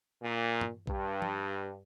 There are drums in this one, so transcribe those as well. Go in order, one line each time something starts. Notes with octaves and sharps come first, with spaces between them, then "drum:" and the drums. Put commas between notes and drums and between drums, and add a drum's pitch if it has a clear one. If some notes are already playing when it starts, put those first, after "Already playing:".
A#2
drum: tom
G2, drum: kick A#1
drum: tom